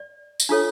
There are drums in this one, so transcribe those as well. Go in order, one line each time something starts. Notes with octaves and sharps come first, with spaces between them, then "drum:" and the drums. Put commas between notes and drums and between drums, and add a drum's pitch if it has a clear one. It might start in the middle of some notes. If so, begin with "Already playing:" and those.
Already playing: D5
drum: tambourine
D4 F4 A4 C#5